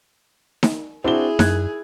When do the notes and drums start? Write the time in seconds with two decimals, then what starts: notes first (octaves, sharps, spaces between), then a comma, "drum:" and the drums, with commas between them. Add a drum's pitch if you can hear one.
0.63 drum: snare D#4
1.04 C4 D4 E4 F#4 G#4 G7
1.39 F#2 F#6 G#6, drum: snare D#4